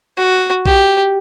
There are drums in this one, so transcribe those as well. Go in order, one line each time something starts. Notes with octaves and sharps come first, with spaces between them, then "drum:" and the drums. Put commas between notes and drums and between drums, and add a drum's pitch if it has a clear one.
F#4
G4, drum: kick A#1